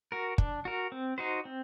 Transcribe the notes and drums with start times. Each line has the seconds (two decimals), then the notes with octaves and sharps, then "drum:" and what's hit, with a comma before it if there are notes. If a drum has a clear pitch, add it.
0.12 F#4 A#4
0.38 D4, drum: kick
0.65 F#4 A#4
0.92 C4
1.18 D#4 F#4 C5
1.45 C4